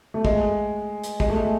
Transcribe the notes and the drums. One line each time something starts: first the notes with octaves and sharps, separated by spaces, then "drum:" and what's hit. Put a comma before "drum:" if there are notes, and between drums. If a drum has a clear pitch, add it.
A3
G#3, drum: kick
drum: hi-hat
G#3, drum: kick
A3
G#3